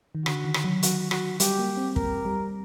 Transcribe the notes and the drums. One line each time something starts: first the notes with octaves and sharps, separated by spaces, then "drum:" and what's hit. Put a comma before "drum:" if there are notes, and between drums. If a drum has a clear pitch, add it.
D#3
D3 F#4, drum: rim click
D#3
drum: rim click
F#3
F#4, drum: hi-hat
F#4, drum: rim click
G3 G4, drum: hi-hat
A#3
C4
A#3 A#4, drum: kick
G3